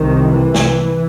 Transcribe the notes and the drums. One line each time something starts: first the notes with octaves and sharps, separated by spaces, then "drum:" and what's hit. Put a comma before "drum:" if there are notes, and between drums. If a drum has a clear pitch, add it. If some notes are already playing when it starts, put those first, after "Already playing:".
Already playing: C2 C3 D#3
E3
drum: snare